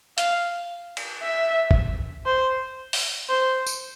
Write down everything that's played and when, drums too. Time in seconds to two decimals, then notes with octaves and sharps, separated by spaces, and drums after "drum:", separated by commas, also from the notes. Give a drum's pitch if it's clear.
0.18 F5, drum: hi-hat
0.97 drum: cymbal
1.22 E5
1.71 drum: kick
2.26 C5
2.93 drum: open hi-hat
3.29 C5
3.67 drum: tambourine